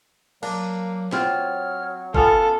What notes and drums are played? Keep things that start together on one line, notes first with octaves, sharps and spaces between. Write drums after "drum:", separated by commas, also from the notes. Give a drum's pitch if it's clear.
F#3 A#3 D4, drum: cymbal
F#3 C4 F4 C#5 F6, drum: snare
B3 C#4 F4 A4 F5, drum: kick G1